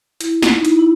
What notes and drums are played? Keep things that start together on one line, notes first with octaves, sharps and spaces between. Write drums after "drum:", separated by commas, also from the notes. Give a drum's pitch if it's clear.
E4, drum: hi-hat
F4, drum: snare
D#4
E4, drum: hi-hat
E4